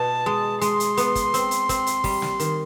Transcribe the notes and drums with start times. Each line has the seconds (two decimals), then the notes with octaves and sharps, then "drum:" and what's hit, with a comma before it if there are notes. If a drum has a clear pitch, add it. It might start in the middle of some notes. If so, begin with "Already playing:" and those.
Already playing: B2 A5
0.26 G#3
0.61 G#3 C6, drum: hi-hat
0.80 drum: hi-hat
0.97 B3, drum: hi-hat
1.15 drum: kick, hi-hat
1.34 C4, drum: hi-hat
1.51 drum: hi-hat
1.69 C4, drum: kick, hi-hat
1.87 drum: hi-hat
2.04 G3, drum: kick, open hi-hat
2.22 drum: snare
2.40 D#3, drum: hi-hat